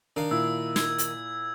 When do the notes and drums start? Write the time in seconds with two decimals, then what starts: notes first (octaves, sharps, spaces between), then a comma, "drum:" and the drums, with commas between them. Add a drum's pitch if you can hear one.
0.16 D#3 D4 F5
0.31 A#2 E4 E6
0.76 G#6, drum: snare
0.98 drum: hi-hat